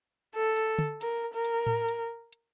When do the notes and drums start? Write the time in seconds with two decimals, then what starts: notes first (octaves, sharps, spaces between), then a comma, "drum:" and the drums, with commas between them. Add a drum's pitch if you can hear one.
0.35 A4
0.56 drum: hi-hat
0.78 drum: tom
1.01 A#4, drum: hi-hat
1.33 A#4
1.44 drum: hi-hat
1.66 drum: tom A2
1.88 drum: hi-hat
2.32 drum: hi-hat